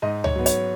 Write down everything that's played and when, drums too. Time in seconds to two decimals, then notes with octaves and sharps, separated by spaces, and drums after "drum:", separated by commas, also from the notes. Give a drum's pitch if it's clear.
0.02 G#2 D#5
0.24 C#5, drum: tom C#2
0.36 F#3 B3
0.46 C#5, drum: hi-hat